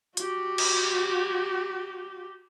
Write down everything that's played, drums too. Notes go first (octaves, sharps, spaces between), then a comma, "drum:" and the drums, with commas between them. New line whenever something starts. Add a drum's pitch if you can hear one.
F#4 G4, drum: hi-hat
drum: cymbal